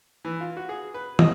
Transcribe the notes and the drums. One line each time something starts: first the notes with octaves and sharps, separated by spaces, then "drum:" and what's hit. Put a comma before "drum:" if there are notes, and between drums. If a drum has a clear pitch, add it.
E3
F4
F#4
G#4
B4
D#5, drum: tom